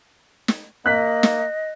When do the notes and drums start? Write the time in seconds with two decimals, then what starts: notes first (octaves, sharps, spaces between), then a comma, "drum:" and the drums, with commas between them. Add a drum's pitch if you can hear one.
0.48 drum: snare
0.86 A#3 D#5 F#6 B6
1.23 drum: snare